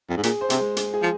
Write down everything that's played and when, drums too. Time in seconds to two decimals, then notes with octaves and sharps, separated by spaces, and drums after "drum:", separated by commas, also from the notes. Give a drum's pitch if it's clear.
0.10 F2
0.17 G#2
0.23 A#2 G#4, drum: hi-hat
0.41 C5
0.50 C3, drum: hi-hat
0.59 G#3
0.77 G#4, drum: hi-hat
0.94 G#4
1.02 F3